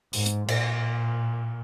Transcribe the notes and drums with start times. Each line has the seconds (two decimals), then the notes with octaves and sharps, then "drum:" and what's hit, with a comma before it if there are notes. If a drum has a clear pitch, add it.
0.13 G#2, drum: open hi-hat
0.26 drum: hi-hat
0.48 A#2, drum: cymbal